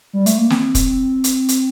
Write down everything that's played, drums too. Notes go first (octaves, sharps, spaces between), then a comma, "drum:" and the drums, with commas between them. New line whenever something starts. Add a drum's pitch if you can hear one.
G3
A3, drum: hi-hat
A#3
C4, drum: snare
drum: kick, hi-hat
drum: hi-hat
drum: hi-hat